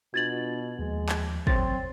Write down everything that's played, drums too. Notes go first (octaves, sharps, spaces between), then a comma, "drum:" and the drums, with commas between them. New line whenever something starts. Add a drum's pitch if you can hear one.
B2 D4 F4 F#4 G#6 A6 F#7
D#2 F3 G#3
drum: clap
F#3 C4 C#5 C6 A6, drum: kick